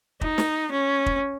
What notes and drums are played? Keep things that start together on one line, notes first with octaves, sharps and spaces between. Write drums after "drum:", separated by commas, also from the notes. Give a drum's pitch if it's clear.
D#4, drum: kick
drum: snare
C#4
drum: kick